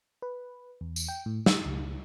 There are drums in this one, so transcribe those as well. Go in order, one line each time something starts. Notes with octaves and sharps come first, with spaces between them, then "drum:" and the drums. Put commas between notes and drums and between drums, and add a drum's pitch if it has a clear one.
B4
E2
drum: tambourine
G5
A2
E6, drum: snare
C#2